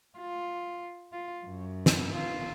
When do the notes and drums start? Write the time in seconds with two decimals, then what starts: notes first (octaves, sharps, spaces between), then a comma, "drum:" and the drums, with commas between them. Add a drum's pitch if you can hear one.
0.18 F4
1.13 F4
1.45 F#2
1.86 drum: snare
2.15 F4